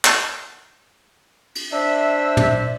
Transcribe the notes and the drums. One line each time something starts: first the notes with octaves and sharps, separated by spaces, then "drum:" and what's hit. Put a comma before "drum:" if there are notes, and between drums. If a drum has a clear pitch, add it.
drum: clap
drum: cymbal
D4 C5 E5
drum: tom